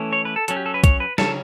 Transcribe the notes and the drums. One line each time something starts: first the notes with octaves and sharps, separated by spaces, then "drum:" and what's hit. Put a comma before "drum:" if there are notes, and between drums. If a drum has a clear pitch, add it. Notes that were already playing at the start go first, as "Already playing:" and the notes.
Already playing: E3 A3 C#4
C#5
B4
A4
F#3 C#4 A4, drum: hi-hat
G4
A4
B4
C#5, drum: kick, hi-hat
B4
C#3 F#3 C#4 A4, drum: snare